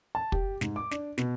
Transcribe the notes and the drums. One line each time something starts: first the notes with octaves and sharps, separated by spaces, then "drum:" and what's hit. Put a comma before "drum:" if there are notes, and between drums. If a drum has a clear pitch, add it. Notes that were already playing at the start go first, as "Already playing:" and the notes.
A5
G4, drum: kick
G#2, drum: snare
D6
D4, drum: snare
B2, drum: snare